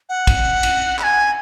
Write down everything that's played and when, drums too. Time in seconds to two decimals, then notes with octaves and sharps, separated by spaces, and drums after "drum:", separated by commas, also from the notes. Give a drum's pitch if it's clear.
0.09 F#5
0.27 drum: kick, cymbal
0.63 drum: cymbal
0.99 B5, drum: clap
1.03 G#5